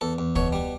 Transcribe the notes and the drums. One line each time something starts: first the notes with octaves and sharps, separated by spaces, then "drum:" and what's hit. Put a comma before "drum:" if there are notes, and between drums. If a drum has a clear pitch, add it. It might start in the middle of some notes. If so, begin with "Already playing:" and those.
E2 A4
E2
B2 C#5, drum: kick
G3